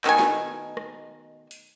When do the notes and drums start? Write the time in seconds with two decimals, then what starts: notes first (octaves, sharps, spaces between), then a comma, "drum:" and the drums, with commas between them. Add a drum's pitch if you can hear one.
0.04 B2 D#3 A3 G#5, drum: clap
0.19 drum: snare
0.77 drum: rim click
1.51 drum: open hi-hat